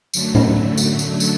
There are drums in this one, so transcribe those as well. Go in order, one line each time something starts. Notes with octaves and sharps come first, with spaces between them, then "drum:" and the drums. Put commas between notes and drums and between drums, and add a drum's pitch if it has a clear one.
F#2 D3 F#3 A3, drum: tambourine
drum: tom
drum: tambourine
drum: tambourine
drum: tambourine